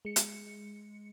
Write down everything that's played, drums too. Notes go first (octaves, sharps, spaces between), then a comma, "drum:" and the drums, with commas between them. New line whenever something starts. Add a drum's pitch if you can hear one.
G#3 C#7
drum: hi-hat